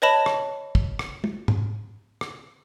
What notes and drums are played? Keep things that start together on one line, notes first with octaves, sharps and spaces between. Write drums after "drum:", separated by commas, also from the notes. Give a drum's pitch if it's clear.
B4 C#5 D#5 A5 B5 E7
drum: rim click
drum: kick
drum: rim click
drum: tom
drum: tom G#2
drum: rim click